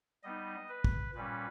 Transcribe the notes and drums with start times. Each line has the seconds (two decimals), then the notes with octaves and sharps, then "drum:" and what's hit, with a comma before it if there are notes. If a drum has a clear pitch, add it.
0.23 G3 B3 D#4 D#5
0.69 B4
0.84 drum: kick
1.14 A#2 G3 C#4 B4